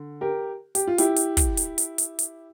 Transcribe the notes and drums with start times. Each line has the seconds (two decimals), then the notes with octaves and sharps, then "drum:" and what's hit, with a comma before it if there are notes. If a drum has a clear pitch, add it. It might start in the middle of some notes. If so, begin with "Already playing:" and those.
Already playing: D3
0.21 G4 A#4
0.75 G4, drum: hi-hat
0.87 F4
0.98 E4 G4, drum: hi-hat
1.16 drum: hi-hat
1.37 drum: kick, hi-hat
1.57 drum: hi-hat
1.78 drum: hi-hat
1.98 drum: hi-hat
2.19 drum: hi-hat